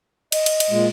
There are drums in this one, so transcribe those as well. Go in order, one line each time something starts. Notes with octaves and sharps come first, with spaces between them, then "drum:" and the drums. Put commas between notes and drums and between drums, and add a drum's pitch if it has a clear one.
D#5, drum: cymbal
drum: cymbal
drum: cymbal
A#2 G#3